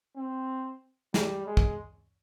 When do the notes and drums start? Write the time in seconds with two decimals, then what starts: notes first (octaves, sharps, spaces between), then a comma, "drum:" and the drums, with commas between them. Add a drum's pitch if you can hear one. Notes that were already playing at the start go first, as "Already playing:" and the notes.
0.17 C4
1.14 G3, drum: snare
1.46 G#3
1.57 drum: kick